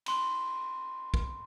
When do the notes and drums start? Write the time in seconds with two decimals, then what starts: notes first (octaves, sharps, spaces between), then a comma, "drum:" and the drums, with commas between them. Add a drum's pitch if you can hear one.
0.06 B5 C6 F#6, drum: cymbal
1.14 drum: kick